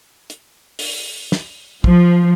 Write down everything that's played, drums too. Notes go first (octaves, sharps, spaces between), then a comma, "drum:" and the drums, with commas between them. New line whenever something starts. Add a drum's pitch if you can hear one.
drum: hi-hat
drum: open hi-hat
drum: snare
F3, drum: kick